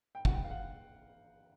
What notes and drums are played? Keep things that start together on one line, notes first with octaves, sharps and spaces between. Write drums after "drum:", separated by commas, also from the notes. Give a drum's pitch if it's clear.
G5
F#5, drum: kick
G5
F5
F#5